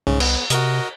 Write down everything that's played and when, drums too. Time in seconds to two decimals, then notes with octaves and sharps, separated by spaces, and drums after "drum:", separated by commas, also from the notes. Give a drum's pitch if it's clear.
0.07 C2 G#2 C#3 C#4
0.20 B3, drum: cymbal
0.50 C3 F#4 A#4 D#5, drum: hi-hat